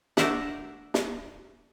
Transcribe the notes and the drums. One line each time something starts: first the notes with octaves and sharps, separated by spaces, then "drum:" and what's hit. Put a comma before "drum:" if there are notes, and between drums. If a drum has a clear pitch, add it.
A3 D4 A#4 C5 E5 F#5, drum: snare
drum: snare